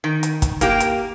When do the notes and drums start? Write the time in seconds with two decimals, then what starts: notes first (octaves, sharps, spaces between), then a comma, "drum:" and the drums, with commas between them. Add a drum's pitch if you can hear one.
0.04 D#3
0.23 drum: hi-hat
0.42 drum: kick, hi-hat
0.61 A#3 G4, drum: hi-hat
0.80 drum: hi-hat